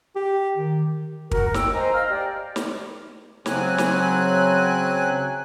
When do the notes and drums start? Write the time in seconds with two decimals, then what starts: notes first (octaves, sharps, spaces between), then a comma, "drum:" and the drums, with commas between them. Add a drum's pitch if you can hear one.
0.16 G4
0.57 D#3
1.31 F#4 A#4, drum: kick
1.54 G5 E6, drum: snare
1.73 C5 D#5 G#5 A#5
1.93 D#5 F5 E6 F6
2.09 G4 D5
2.56 drum: snare
3.46 C#3 F#3 C4 G#5 F#6, drum: snare
3.78 drum: snare